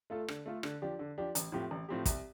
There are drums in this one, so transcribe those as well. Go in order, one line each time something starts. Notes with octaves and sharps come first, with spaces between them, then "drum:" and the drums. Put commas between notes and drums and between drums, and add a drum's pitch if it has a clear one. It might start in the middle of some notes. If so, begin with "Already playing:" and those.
A3 F4 A4
D3, drum: rim click
A3 F4 A4
D3, drum: rim click
F3 D4 G4
D3
F3 D4 G4
A1, drum: hi-hat
A2 F3 C4 G4
A1
A2 F3 C4 G4
C2, drum: kick, hi-hat